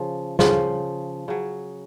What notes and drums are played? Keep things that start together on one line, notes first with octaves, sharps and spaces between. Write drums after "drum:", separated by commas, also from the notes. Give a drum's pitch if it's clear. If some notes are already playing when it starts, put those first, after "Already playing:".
Already playing: C#3 F3
C#3 F3, drum: snare
C#3 F#3